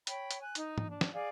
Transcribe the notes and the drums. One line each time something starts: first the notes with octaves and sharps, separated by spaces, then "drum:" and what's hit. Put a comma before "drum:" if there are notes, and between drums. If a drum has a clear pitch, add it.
C#5 G5 B5, drum: hi-hat
drum: hi-hat
G#5 F#6
D#4, drum: hi-hat
drum: tom
D4
drum: snare
G#4 D5 F5